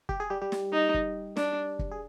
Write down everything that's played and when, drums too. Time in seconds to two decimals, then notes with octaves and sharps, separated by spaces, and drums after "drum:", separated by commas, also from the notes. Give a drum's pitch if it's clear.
0.09 G4, drum: kick
0.20 G#4
0.30 G3 G4
0.41 G3 G4
0.52 drum: snare
0.73 D#4
0.94 drum: kick
1.37 D4, drum: snare
1.79 drum: kick
1.92 G#4